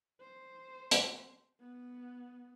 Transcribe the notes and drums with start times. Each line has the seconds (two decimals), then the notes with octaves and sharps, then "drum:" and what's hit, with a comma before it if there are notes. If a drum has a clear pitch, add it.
0.20 C5
0.91 drum: hi-hat
1.60 B3